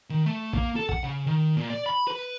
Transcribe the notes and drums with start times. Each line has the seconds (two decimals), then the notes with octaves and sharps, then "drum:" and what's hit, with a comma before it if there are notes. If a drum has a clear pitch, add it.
0.10 D#3
0.26 A3
0.53 A#3, drum: kick A1
0.76 A4
0.89 F#5, drum: kick A1
1.04 C#3
1.26 D#3
1.57 A#2
1.70 D5
1.86 B5
2.08 B4